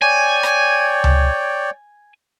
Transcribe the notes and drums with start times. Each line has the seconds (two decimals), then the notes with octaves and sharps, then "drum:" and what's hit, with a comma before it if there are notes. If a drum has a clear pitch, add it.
0.02 C#5 D5 G5 G#5
0.43 drum: rim click
1.04 drum: tom C#2